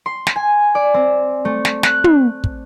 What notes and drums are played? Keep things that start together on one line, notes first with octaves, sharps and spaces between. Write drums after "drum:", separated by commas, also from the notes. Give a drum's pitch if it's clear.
C6
drum: snare
G#5
D5
C4
A3
drum: snare
F#6, drum: snare
drum: tom
drum: kick